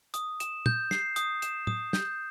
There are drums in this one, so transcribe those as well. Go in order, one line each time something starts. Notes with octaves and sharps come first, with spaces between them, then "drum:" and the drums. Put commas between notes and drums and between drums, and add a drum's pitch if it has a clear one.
D#6, drum: hi-hat
E7, drum: hi-hat
G6, drum: tom
C7, drum: snare
D#6, drum: hi-hat
E7, drum: hi-hat
D#6, drum: tom
G6, drum: snare